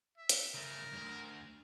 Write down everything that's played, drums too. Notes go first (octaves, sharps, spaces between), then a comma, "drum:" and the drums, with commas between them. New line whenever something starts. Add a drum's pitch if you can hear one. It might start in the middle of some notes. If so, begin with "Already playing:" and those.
E5
drum: hi-hat
C#3 A3 A#4
D2 G2